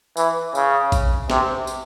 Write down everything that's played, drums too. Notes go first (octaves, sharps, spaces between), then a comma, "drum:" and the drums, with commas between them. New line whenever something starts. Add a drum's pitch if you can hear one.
E3, drum: tambourine
C#3, drum: tambourine
drum: kick A#1, tambourine
C3, drum: snare
drum: tambourine